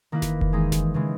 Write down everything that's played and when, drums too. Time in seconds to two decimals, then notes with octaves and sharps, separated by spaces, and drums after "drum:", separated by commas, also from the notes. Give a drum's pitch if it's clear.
0.12 D#3 A#3 E4 B4
0.22 drum: snare F#1
0.41 drum: kick F1
0.53 E3 G#3 D#4
0.72 drum: snare F#1
0.94 C#3 E3 G#3